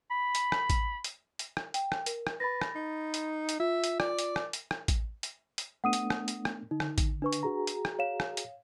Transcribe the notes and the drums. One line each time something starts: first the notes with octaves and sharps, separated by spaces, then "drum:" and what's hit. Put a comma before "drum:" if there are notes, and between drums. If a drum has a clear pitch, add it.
B5
drum: hi-hat
drum: rim click
drum: kick A1, hi-hat
drum: hi-hat
drum: hi-hat
drum: rim click
G5, drum: hi-hat
drum: rim click
A#4, drum: hi-hat
drum: rim click
B4 B5 A6 A#6
drum: rim click
D#4
drum: hi-hat
drum: hi-hat
F4 E5
drum: hi-hat
D5, drum: rim click
drum: hi-hat
drum: rim click
drum: hi-hat
drum: rim click
drum: kick A1, hi-hat
drum: hi-hat
drum: hi-hat
A3 B3 D4 F#5 D#6 D#7
drum: hi-hat
drum: rim click
drum: hi-hat
drum: rim click
D3 D#4
drum: rim click
drum: kick A1, hi-hat
D4 B4 C#6
drum: hi-hat
F#4 G#4 A#5
drum: hi-hat
drum: rim click
C#5 F5 E7
drum: rim click
drum: hi-hat